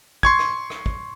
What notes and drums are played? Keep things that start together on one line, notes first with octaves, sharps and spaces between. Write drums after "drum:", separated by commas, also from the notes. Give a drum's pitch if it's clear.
C6 C#6 G#6, drum: kick
drum: rim click
drum: rim click
drum: kick